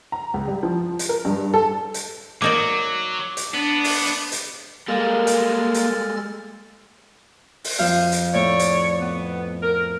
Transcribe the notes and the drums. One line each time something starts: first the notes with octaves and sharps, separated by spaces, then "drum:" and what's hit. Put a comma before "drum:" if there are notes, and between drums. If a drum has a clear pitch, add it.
A#5
C#2
G3
F3
drum: hi-hat
A#4
G2
A4
drum: hi-hat
F#3 A#3 D#4 D5 D6
drum: hi-hat
B3 D4
drum: open hi-hat
drum: hi-hat
G3 G#3 A#3 A4 F6 A6
drum: hi-hat
drum: hi-hat
drum: open hi-hat
F2 F5 G6
drum: hi-hat
A2 C#5 D5
drum: hi-hat
B3
A#4